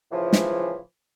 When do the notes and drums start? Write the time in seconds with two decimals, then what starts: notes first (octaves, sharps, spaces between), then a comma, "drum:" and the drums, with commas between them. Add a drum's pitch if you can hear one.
0.11 A2 C#3 E3 F3
0.33 drum: snare